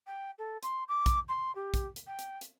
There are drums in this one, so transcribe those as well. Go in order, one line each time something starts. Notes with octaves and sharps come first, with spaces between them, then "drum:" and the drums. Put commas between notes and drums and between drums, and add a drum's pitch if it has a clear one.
G5
A4
C6, drum: hi-hat
D6
drum: kick, hi-hat
C6
G4
drum: kick, hi-hat
drum: hi-hat
G5
drum: hi-hat
drum: hi-hat